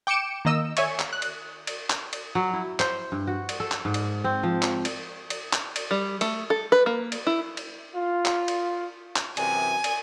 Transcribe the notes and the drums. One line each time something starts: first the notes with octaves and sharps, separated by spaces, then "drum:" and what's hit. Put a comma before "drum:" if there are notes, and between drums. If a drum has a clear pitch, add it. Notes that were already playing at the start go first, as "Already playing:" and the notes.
G5 D6 C#7 D7 E7
D#3 A#3 D#5 E6
C#5 E5 G#5 C#6, drum: cymbal
drum: clap
F#6
drum: cymbal
drum: cymbal
drum: clap
drum: cymbal
F#3
E4
C5, drum: clap
G2
F#4
drum: cymbal
A4
drum: clap
G#2
drum: cymbal
C4
F3
drum: clap
drum: cymbal
drum: cymbal
drum: clap
drum: cymbal
G3
A3, drum: cymbal
A4
B4
A#3
drum: cymbal
E4
drum: cymbal
F4
drum: clap
drum: cymbal
drum: clap
F#2 C3 E3 G#5, drum: cymbal
drum: cymbal